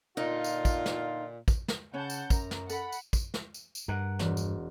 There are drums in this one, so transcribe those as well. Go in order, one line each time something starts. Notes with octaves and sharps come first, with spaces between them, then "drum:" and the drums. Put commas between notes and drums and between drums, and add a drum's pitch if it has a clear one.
A#2 D3 D#4 F4
drum: tambourine
drum: kick, tambourine
drum: snare
drum: kick, tambourine
drum: snare
C#3 C#4 B4 C#5 F#5 A5 G6
drum: tambourine
F#2 A#5, drum: kick, tambourine
drum: snare
A4 F#5 B5, drum: tambourine
drum: tambourine
drum: kick, tambourine
drum: snare
drum: tambourine
drum: tambourine
G2 A#4 F#5
E1, drum: snare
drum: tambourine